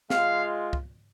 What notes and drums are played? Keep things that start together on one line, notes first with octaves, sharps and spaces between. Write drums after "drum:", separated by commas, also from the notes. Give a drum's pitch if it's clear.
G#3 F4 F5, drum: snare
drum: kick